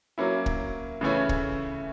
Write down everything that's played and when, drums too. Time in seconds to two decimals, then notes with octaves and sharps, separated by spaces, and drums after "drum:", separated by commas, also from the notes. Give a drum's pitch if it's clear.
0.18 F#3 A#3 C#4 E4
0.46 drum: kick
1.01 C#3 E3 A3 C#4 E4
1.29 drum: kick